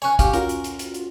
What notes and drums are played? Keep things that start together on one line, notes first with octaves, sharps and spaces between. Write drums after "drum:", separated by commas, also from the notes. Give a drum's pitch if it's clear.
C#4 C#5 G#5 C#6 F#6
C#4 G4 F5, drum: kick, hi-hat
C#4 F4 F#4 A#4, drum: hi-hat
drum: hi-hat
drum: hi-hat
drum: hi-hat
drum: hi-hat